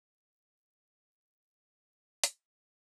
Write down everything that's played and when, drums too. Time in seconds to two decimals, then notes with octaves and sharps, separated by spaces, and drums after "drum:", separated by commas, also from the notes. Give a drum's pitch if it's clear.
0.15 C#5
0.56 C3
1.02 D5
1.89 E5
2.24 drum: hi-hat